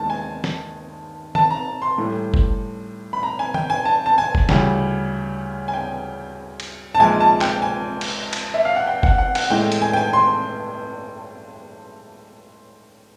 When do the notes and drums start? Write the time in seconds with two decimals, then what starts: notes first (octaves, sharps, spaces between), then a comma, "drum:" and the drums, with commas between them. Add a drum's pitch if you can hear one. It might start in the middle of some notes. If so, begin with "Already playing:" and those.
Already playing: D#2 D#3 G#3 B3 E4 A5
0.10 G#5
0.44 drum: snare
1.35 A5, drum: tom D#3
1.50 A#5
1.82 C6
1.98 A2 E3 G3
2.34 drum: kick G1
3.13 B5
3.23 A#5
3.39 G#5
3.54 G5, drum: tom D#3
3.70 G#5
3.85 A5
4.06 A5
4.18 G#5
4.35 drum: kick G1
4.49 D2 C#3 E3 G3, drum: snare
5.68 G#5
5.73 G5
6.60 drum: cymbal
6.95 A5
6.99 A#1 G#2 F3 G#3 G#5
7.20 A5
7.41 G5, drum: clap
7.62 G#5
8.01 drum: cymbal
8.33 drum: cymbal
8.54 E5
8.65 F5
8.76 F#5
8.87 G5
9.03 F#5, drum: kick G1
9.18 F#5
9.35 F#5, drum: cymbal
9.50 A2 E3 G#3 G5
9.72 drum: hi-hat
9.82 G#5
9.93 G5
9.97 G#5
10.13 C6